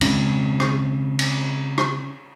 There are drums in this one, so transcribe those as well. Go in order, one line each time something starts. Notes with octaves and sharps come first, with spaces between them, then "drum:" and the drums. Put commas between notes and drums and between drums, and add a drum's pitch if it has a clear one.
C#3 G#3 C4 C#4, drum: cymbal
drum: rim click
drum: cymbal
drum: rim click